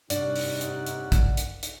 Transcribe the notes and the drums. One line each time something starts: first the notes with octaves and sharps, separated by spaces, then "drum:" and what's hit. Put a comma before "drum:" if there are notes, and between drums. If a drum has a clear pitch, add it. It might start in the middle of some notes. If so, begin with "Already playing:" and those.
G2 C3 C#4 D#4 D5 F#5, drum: hi-hat
drum: open hi-hat
drum: hi-hat
drum: hi-hat
drum: kick, hi-hat
drum: hi-hat
drum: hi-hat